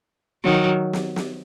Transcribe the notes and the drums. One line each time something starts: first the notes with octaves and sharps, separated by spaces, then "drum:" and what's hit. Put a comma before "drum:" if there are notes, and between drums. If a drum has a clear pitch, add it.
D#3 F#3
drum: snare
drum: snare